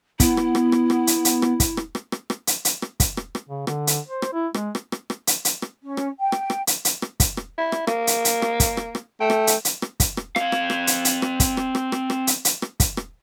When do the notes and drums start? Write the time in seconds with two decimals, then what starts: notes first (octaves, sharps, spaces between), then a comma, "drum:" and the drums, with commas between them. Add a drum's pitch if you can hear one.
0.20 B3 E4, drum: kick, hi-hat
0.37 drum: rim click
0.55 drum: rim click
0.72 drum: rim click
0.90 drum: rim click
1.07 drum: hi-hat
1.25 drum: hi-hat
1.42 drum: rim click
1.60 drum: kick, hi-hat
1.77 drum: rim click
1.95 drum: rim click
2.12 drum: rim click
2.30 drum: rim click
2.47 drum: hi-hat
2.65 drum: hi-hat
2.82 drum: rim click
3.00 drum: kick, hi-hat
3.17 drum: rim click
3.35 drum: rim click
3.49 C#3
3.67 D3, drum: rim click
3.87 drum: hi-hat
4.08 C5
4.22 drum: rim click
4.33 E4
4.54 G#3, drum: rim click
4.75 drum: rim click
4.92 drum: rim click
5.10 drum: rim click
5.27 drum: hi-hat
5.45 drum: hi-hat
5.62 drum: rim click
5.83 C#4
5.97 drum: rim click
6.20 G5
6.32 drum: rim click
6.50 drum: rim click
6.67 drum: hi-hat
6.85 drum: hi-hat
7.02 drum: rim click
7.20 drum: kick, hi-hat
7.37 drum: rim click
7.58 E4
7.72 drum: rim click
7.87 A#3, drum: rim click
8.07 drum: hi-hat
8.25 drum: hi-hat
8.42 drum: rim click
8.60 drum: kick, hi-hat
8.77 drum: rim click
8.95 drum: rim click
9.20 A3 G5
9.30 drum: rim click
9.47 drum: hi-hat
9.65 drum: hi-hat
9.82 drum: rim click
10.00 drum: kick, hi-hat
10.17 drum: rim click
10.36 C4 F5, drum: rim click
10.52 drum: rim click
10.70 drum: rim click
10.87 drum: hi-hat
11.05 drum: hi-hat
11.22 drum: rim click
11.40 drum: kick, hi-hat
11.57 drum: rim click
11.75 drum: rim click
11.92 drum: rim click
12.10 drum: rim click
12.27 drum: hi-hat
12.45 drum: hi-hat
12.62 drum: rim click
12.80 drum: kick, hi-hat
12.97 drum: rim click